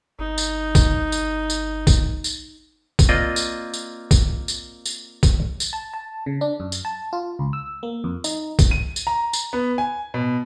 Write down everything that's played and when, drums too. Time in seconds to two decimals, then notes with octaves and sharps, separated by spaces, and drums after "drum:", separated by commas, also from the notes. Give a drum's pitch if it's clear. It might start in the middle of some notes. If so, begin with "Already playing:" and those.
0.19 G1 D#4
0.38 drum: tambourine
0.75 drum: kick, tambourine
1.12 drum: tambourine
1.50 drum: tambourine
1.87 drum: kick, tambourine
2.24 drum: tambourine
2.99 drum: kick, tambourine
3.09 A#3 C4 F4 D5 D#5
3.36 drum: tambourine
3.74 drum: tambourine
4.11 drum: kick, tambourine
4.48 drum: tambourine
4.86 drum: tambourine
5.23 drum: kick, tambourine
5.60 drum: tambourine
5.73 A5
5.94 A5
6.26 C#3
6.41 D4
6.60 F#2
6.72 drum: tambourine
6.85 A5
7.13 F4
7.39 C#2
7.53 E6
7.83 A#3
8.04 F2
8.24 D#4, drum: tambourine
8.59 drum: kick, tambourine
8.71 D#7
8.96 drum: tambourine
9.07 A#5
9.33 drum: tambourine
9.53 B3
9.78 G#5
10.14 B2